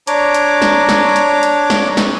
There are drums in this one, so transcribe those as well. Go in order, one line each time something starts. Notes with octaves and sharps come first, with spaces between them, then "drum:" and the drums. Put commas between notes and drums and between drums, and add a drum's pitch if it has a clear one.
D4 C#5 A#5 D6, drum: hi-hat
drum: hi-hat
drum: snare
drum: snare
drum: hi-hat
drum: hi-hat
drum: snare
drum: snare